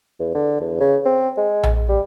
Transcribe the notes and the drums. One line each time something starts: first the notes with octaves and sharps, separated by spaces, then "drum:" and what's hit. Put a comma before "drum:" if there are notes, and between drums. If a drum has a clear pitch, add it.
E2
D3
E2
C#3
C4
G#3
drum: tom A#1
G3